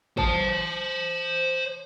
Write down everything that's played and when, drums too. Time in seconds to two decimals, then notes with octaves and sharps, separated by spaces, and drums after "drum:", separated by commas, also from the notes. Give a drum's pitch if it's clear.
0.17 C5 A5, drum: kick G#1